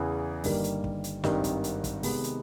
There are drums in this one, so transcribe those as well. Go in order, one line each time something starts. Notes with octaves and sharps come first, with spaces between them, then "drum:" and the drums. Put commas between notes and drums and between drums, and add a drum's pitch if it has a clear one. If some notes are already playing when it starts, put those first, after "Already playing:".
Already playing: E2 C#3 E3
G1 G2 D#3 G3 A#3, drum: open hi-hat
drum: hi-hat
drum: kick
drum: hi-hat
G#1 G2 D#3 G3 C4, drum: snare
drum: kick, hi-hat
drum: hi-hat
drum: kick, hi-hat
C3 D#3 G#3 B3, drum: open hi-hat
drum: hi-hat